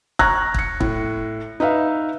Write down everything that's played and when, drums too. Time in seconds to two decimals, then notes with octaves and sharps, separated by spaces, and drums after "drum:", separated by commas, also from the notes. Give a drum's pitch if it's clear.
0.19 A#5 C#6 F6 F#6 G#6 A#6, drum: kick
0.54 F#6 C#7, drum: kick
0.80 A2, drum: kick
1.60 D#4 B4 E5 F5